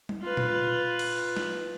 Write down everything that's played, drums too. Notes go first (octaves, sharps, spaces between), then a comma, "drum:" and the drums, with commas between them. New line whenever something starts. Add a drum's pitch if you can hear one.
drum: tom G3
F4 B4
drum: tom A#2
drum: cymbal
drum: snare